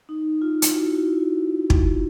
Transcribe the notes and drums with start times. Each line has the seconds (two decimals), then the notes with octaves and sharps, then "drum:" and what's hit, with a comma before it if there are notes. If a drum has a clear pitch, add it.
0.09 D#4
0.42 F4
0.62 drum: hi-hat
0.73 E4 F#4
0.94 E4 F#4
1.17 F4
1.70 drum: kick